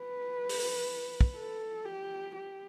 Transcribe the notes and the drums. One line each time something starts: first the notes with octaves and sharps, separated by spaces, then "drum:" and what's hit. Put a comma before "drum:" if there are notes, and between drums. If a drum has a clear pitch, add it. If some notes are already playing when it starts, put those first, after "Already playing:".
Already playing: B4
drum: open hi-hat
drum: kick
A4
G4
G4